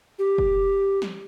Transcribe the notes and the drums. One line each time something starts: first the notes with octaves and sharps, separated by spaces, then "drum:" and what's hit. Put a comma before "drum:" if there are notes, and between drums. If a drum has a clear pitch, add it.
G4
drum: kick F#1
drum: snare